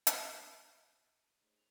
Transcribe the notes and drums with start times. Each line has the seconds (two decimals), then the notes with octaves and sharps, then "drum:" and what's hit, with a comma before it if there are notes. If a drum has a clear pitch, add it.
0.07 E4 G4 C#5 D#7, drum: hi-hat
1.41 A3 C#4 D#4 G#4 C5
1.56 F7